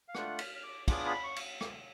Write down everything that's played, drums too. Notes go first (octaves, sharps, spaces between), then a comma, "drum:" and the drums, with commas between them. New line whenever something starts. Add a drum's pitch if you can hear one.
F5
A3 D4 F4 F#5, drum: rim click
F6, drum: cymbal
F6
D6
B3 D4 F4 G#4 D6, drum: kick, cymbal
B5
C#6
drum: cymbal
drum: rim click